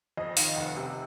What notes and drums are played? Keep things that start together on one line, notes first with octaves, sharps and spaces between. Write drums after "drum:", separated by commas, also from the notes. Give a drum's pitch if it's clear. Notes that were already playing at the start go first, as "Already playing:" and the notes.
F2 D#5
D#3 F5, drum: open hi-hat
F1 F#5
C3